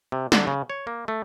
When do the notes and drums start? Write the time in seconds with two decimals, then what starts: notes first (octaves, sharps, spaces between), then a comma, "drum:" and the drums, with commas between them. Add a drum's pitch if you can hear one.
0.12 C3
0.32 D3, drum: snare
0.47 C#3
0.70 C#5
0.87 A#3
1.08 A3